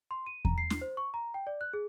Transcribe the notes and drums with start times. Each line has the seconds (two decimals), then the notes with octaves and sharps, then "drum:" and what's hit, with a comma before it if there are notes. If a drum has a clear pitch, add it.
0.11 C6
0.27 D#7
0.45 A#5, drum: kick E2
0.58 C7
0.70 drum: snare
0.81 C5
0.97 C#6
1.14 A#5
1.34 G5
1.47 D5
1.61 F#6
1.73 G#4